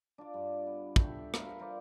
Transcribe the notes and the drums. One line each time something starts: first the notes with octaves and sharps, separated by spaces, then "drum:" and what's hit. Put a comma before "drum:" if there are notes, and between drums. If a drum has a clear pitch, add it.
D4 F4 D5
G2
B3
A4 E5 G5, drum: kick
A#4 B4 E5 F5, drum: rim click
F4 A#4 C5 D5